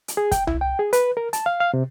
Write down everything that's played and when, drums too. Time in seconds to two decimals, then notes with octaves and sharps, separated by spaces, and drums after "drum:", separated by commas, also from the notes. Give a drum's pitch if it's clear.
0.08 drum: hi-hat
0.17 G#4
0.32 G5, drum: kick, hi-hat
0.47 E4, drum: tom C2
0.61 G5
0.79 G#4
0.93 B4, drum: hi-hat
1.17 A#4
1.33 A5, drum: hi-hat
1.46 F5
1.60 F5
1.74 C3